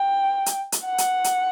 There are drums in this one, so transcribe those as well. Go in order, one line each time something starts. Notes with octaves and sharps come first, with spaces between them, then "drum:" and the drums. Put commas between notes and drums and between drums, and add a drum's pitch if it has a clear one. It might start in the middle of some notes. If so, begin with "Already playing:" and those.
Already playing: G5
drum: hi-hat
drum: hi-hat
F#5
drum: hi-hat
drum: hi-hat